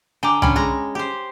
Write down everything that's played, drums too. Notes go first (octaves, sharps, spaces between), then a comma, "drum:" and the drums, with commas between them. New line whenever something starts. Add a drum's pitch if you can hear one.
D3 G5 G#5 A#5 D6
D3 C#4 G5 B5, drum: tom C2
G#3 A#5
G4 C5